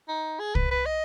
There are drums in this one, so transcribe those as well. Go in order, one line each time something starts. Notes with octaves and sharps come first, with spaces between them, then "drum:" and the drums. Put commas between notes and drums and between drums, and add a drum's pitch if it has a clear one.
D#4
G#4
B4, drum: kick C2
B4
D#5